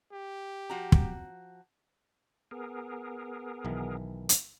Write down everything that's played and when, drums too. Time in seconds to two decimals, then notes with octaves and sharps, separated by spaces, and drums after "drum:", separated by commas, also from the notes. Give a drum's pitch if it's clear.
0.13 G4
0.70 F3 F#4 A#5
0.92 drum: kick
2.51 B3 G#4 A#4
3.65 B1 D#3 E3
4.29 drum: hi-hat